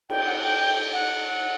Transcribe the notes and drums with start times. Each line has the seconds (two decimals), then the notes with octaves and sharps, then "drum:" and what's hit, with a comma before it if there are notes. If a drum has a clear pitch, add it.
0.10 G5, drum: cymbal
0.26 F#5
0.43 G5
0.60 G5
0.93 F#5